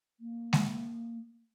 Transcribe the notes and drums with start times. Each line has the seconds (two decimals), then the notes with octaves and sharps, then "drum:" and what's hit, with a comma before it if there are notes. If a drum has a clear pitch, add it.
0.20 A#3
0.53 drum: snare G#3